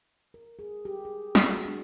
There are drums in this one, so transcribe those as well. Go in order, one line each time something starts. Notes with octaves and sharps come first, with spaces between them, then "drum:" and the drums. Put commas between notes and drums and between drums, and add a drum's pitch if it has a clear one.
A#4
G#4
G4
G#4
G#3, drum: snare
F#4
D4